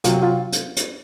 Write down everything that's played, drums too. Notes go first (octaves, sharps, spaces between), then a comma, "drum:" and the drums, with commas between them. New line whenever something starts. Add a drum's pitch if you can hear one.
C3 F#3 F4, drum: hi-hat
F4
drum: hi-hat
drum: hi-hat